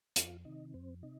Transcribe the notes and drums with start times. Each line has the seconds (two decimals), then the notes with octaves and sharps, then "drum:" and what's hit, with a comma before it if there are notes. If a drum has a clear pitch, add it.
0.16 F2 F4, drum: hi-hat
0.45 C3 D#3 D#4
0.74 F2 C4
1.03 C3 D#4